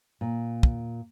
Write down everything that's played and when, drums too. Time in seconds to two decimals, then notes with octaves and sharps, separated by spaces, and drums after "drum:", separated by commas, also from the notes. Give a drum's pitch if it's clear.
0.21 A#2
0.63 drum: kick